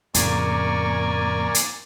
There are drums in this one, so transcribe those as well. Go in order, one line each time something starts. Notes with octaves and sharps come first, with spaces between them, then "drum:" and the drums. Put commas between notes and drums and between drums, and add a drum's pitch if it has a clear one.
F2 A2 C#3 A#3 D5 G#5 C#6, drum: hi-hat
drum: hi-hat